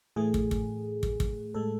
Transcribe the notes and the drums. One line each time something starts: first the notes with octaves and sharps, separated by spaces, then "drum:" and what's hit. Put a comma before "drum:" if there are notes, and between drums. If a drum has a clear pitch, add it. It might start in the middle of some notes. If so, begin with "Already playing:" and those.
A2 E3 A3 G#4
drum: kick
drum: kick
drum: kick
drum: kick
A2 G#3 A4